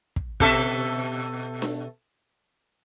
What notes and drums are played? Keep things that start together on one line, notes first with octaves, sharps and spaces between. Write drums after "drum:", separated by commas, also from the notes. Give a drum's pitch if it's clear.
drum: kick
B2 A4 E5, drum: kick
drum: snare D4